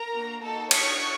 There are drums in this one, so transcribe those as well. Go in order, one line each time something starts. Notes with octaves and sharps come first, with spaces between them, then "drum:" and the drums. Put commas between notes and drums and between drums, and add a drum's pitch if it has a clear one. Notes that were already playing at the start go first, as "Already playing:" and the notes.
Already playing: A#4 A#5
A#3 D4 F#4
A#3 D#4 F#4 A4 A5
D4 G4 C#5 C#6, drum: cymbal